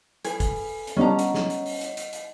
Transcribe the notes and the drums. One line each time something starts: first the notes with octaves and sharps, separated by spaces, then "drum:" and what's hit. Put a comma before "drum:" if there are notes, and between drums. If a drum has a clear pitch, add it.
G#4 A4 B4 G#5, drum: hi-hat
drum: kick, hi-hat
drum: open hi-hat
drum: hi-hat
G3 B3 C#4 D4 D#5 F#5 A#5
drum: hi-hat
drum: snare
drum: hi-hat
drum: open hi-hat
drum: hi-hat
drum: hi-hat
drum: hi-hat